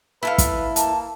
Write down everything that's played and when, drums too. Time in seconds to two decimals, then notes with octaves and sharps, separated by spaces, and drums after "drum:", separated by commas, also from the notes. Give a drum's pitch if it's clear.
0.23 E4 A4 B4 F5
0.38 drum: kick, hi-hat
0.76 A#3 A5, drum: hi-hat